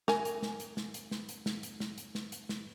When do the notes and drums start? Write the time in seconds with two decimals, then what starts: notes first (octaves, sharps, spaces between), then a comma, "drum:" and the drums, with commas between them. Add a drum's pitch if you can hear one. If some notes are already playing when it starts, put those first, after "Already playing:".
0.08 A#4 G#5, drum: snare
0.25 drum: hi-hat
0.42 drum: snare
0.60 drum: hi-hat
0.77 drum: snare
0.94 drum: hi-hat
1.11 drum: snare
1.29 drum: hi-hat
1.46 drum: snare
1.63 drum: hi-hat
1.80 drum: snare
1.98 drum: hi-hat
2.15 drum: snare
2.32 drum: hi-hat
2.49 drum: snare